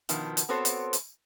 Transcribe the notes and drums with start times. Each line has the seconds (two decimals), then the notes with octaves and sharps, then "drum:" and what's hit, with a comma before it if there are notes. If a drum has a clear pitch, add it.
0.09 B2 D#3 F3 B3, drum: hi-hat
0.37 drum: hi-hat
0.49 B3 C4 F#4 A4 C5 C#5
0.65 drum: hi-hat
0.93 drum: hi-hat